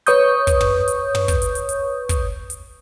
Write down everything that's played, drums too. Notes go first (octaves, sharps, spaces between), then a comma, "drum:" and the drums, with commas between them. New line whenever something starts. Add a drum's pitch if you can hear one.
B4 C#5 C#6 D#6 G6, drum: hi-hat
drum: kick, hi-hat
drum: tom
drum: hi-hat
drum: tom
drum: kick, hi-hat
drum: hi-hat
drum: hi-hat
drum: hi-hat
drum: kick, hi-hat
drum: hi-hat